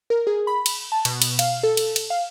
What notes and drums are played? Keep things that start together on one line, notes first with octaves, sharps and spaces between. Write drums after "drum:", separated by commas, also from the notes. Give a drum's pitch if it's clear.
A#4
G#4
B5
drum: cymbal
A5
B2, drum: cymbal
drum: cymbal
F5, drum: cymbal
A4
drum: cymbal
drum: cymbal
F5